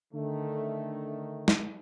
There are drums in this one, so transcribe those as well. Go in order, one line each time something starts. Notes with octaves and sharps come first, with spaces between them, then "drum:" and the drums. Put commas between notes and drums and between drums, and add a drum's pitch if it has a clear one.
D3 D#3 A3
drum: snare